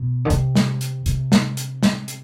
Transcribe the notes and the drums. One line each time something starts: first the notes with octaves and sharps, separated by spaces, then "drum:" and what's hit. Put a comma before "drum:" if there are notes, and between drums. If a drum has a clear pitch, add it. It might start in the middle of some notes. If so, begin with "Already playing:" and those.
Already playing: B2
D3
C3, drum: hi-hat
drum: snare
drum: hi-hat
C3, drum: hi-hat
drum: snare
drum: hi-hat
drum: snare
drum: hi-hat